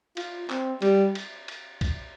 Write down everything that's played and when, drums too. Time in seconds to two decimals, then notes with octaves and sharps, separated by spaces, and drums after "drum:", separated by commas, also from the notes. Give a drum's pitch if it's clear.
0.17 F4, drum: cymbal
0.50 C4, drum: clap
0.82 G3, drum: cymbal
1.15 drum: cymbal
1.48 drum: cymbal
1.81 drum: kick B1, cymbal